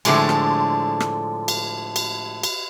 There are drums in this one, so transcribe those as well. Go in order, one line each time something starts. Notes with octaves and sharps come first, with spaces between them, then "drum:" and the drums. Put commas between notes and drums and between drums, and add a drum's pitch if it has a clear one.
A2 D3 E3 F3 G#3, drum: cymbal
drum: rim click
drum: rim click
drum: cymbal
drum: cymbal
drum: cymbal